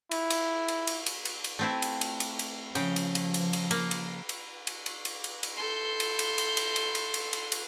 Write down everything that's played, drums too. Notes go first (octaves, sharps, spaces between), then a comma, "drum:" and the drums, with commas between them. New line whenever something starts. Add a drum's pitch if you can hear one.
E4, drum: cymbal
drum: cymbal
drum: cymbal
drum: cymbal
drum: cymbal
drum: cymbal
drum: cymbal
A3 C4 E4
drum: cymbal
drum: cymbal
drum: cymbal
drum: cymbal
C#3 F3 G5, drum: cymbal
drum: cymbal
drum: cymbal
drum: cymbal
drum: cymbal
A#3, drum: cymbal
drum: cymbal
drum: cymbal
drum: cymbal
drum: cymbal
drum: cymbal
drum: cymbal
drum: cymbal
E4 A4 C6 G6
drum: cymbal
drum: cymbal
drum: cymbal
drum: cymbal
drum: cymbal
drum: cymbal
drum: cymbal
drum: cymbal
drum: cymbal